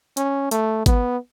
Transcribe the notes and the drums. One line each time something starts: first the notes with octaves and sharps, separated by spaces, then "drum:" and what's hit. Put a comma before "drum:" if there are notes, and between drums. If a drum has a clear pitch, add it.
C#4, drum: hi-hat
A3, drum: hi-hat
B3, drum: kick G#1, hi-hat